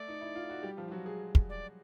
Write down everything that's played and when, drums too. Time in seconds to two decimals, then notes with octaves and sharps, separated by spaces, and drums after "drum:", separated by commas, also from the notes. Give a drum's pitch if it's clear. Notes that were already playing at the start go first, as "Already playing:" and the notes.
Already playing: A3 A4 D5
0.08 D#4
0.21 E4
0.36 F4
0.50 F#4
0.63 G3 G4
0.77 F3 F4
0.88 F4
0.91 F#3 F#4
1.06 G#3 G#4
1.35 drum: kick
1.49 D5